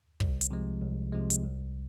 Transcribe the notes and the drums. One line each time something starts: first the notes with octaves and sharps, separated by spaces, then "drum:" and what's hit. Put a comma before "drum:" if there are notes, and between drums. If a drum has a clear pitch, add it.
C2, drum: kick
drum: hi-hat
C3 F3 G#3
C2
C3 F3 G#3
drum: hi-hat
C2